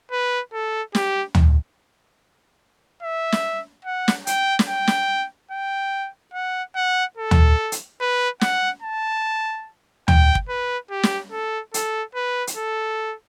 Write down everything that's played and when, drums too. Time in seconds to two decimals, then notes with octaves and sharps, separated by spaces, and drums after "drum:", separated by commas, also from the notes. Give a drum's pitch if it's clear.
0.12 B4
0.53 A4
0.95 G4, drum: snare
1.35 drum: tom
3.03 E5
3.32 drum: snare
3.85 F#5
4.08 drum: snare
4.27 G5, drum: hi-hat
4.59 drum: snare
4.68 G5
4.87 drum: snare
5.51 G5
6.34 F#5
6.76 F#5
7.17 A4
7.31 drum: tom
7.72 drum: hi-hat
8.00 B4
8.41 F#5, drum: snare
8.83 A5
10.08 G5, drum: tom
10.35 drum: kick
10.49 B4
10.90 G4
11.03 drum: snare
11.32 A4
11.74 A4, drum: hi-hat
12.15 B4
12.47 drum: hi-hat
12.57 A4